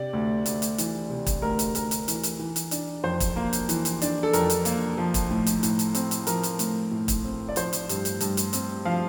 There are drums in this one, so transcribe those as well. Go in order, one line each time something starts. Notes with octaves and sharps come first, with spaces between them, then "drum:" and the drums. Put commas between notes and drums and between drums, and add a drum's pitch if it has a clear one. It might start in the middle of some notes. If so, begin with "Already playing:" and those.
Already playing: C3 D5
D2
D2, drum: hi-hat
drum: hi-hat
E3, drum: hi-hat
C3
drum: kick, hi-hat
D2 A#4
drum: hi-hat
D2 A#4, drum: hi-hat
drum: hi-hat
E3, drum: hi-hat
drum: hi-hat
E3
drum: hi-hat
D4, drum: hi-hat
F2 C5
drum: kick, hi-hat
A#3
drum: hi-hat
E3, drum: hi-hat
drum: hi-hat
D4, drum: hi-hat
A4
F2 A#4, drum: hi-hat
drum: hi-hat
A#3, drum: hi-hat
F3
drum: kick, hi-hat
A2
drum: hi-hat
A2, drum: hi-hat
drum: hi-hat
C4, drum: hi-hat
drum: hi-hat
F3 A#4, drum: hi-hat
drum: hi-hat
A2, drum: hi-hat
A2
drum: kick, hi-hat
C4
D5
F3 C5, drum: hi-hat
drum: hi-hat
G2, drum: hi-hat
drum: hi-hat
G2, drum: hi-hat
drum: hi-hat
C4, drum: hi-hat
F3 F5